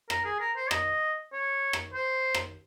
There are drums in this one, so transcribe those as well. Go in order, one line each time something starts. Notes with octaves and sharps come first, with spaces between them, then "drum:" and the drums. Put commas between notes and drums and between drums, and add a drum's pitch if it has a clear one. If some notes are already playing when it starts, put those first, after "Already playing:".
A#4, drum: rim click
G#4
A#4
C5
D#5, drum: rim click
C#5
drum: rim click
C5
drum: rim click